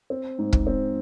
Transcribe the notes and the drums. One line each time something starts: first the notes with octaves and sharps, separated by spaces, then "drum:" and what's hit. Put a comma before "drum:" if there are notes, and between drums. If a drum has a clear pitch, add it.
C4
G#2
drum: kick
C4